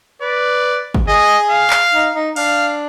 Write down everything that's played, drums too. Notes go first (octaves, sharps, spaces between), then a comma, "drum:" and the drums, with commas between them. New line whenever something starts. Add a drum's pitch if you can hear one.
B4 D5
drum: kick
G#4 D#5
F5
drum: clap
D#4
D#4
D4 F5, drum: open hi-hat